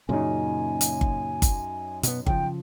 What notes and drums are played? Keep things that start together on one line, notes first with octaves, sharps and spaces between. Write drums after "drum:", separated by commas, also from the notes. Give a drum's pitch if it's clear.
F#2 A#2 C#3 D#4 G#5
drum: hi-hat
drum: kick G1
drum: kick G1, hi-hat
B2 B3, drum: hi-hat
C#3 F3 G5, drum: kick G1